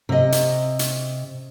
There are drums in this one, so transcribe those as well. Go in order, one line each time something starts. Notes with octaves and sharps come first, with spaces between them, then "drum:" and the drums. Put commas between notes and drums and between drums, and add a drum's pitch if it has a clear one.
C3 D#5
drum: hi-hat
drum: hi-hat